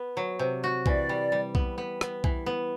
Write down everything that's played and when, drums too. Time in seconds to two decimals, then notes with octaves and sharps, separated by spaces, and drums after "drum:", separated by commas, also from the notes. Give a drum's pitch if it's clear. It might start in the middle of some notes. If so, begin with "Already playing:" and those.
Already playing: B3
0.17 F#3
0.39 C3
0.64 F#4
0.86 E3 D5, drum: kick B1
1.09 G3
1.32 G3
1.55 B3, drum: kick B1
1.78 B3
2.01 B3, drum: rim click
2.24 E3, drum: kick B1
2.46 B3